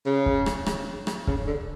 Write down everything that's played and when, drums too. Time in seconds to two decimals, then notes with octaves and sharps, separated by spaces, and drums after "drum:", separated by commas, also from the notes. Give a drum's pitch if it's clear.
0.06 C#3
0.26 drum: kick
0.46 drum: rim click
0.66 drum: rim click
1.07 drum: rim click
1.27 C#3, drum: kick
1.47 D3